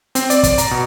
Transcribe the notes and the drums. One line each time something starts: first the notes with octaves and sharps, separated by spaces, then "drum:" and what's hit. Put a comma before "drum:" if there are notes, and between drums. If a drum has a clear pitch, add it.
C4, drum: hi-hat
D5, drum: hi-hat
D5, drum: kick, hi-hat
A#5, drum: hi-hat
B2